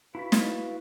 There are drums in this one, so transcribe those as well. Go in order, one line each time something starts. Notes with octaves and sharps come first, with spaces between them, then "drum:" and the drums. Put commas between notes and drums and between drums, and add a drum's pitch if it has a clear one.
E4 F#4 B4 F5 B5
drum: snare